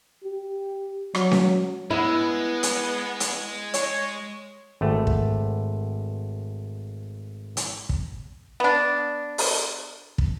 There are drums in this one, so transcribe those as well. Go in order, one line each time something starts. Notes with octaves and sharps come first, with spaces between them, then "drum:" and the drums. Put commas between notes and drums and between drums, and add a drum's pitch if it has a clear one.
G4
F#3, drum: rim click
drum: snare C#4
G#3 B3 E4
drum: hi-hat
drum: hi-hat
C#5, drum: hi-hat
G#1 A3
drum: kick
drum: hi-hat
drum: kick
B3 D4
drum: open hi-hat
drum: kick